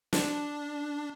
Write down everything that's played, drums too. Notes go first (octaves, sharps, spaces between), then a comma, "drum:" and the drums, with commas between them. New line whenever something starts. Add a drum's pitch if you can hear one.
D4, drum: snare